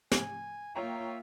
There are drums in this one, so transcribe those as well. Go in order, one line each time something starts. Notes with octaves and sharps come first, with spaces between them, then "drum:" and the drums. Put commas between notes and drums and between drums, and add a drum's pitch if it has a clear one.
G#5, drum: snare
A#3 F4 C#5 E5 G5 A#5